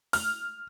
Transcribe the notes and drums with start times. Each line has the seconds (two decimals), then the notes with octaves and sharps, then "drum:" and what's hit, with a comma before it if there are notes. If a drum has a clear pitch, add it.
0.13 F6, drum: open hi-hat